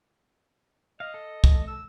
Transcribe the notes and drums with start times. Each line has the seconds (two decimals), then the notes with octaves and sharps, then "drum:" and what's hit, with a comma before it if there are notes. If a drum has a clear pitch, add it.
1.00 D#5 F5
1.14 A4
1.44 drum: kick
1.67 E6